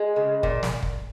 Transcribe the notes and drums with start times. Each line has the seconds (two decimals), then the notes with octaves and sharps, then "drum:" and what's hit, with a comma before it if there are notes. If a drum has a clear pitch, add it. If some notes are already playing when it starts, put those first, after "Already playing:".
Already playing: G#3
0.16 C#3
0.43 A#2, drum: kick
0.63 drum: snare
0.83 drum: kick